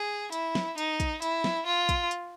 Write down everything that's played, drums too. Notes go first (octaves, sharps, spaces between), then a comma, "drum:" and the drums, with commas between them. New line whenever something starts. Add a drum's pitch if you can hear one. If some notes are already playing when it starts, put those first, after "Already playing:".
Already playing: G#4
E4, drum: hi-hat
drum: snare
D#4, drum: hi-hat
drum: kick, hi-hat
E4, drum: hi-hat
drum: snare
F4
drum: kick, hi-hat
drum: hi-hat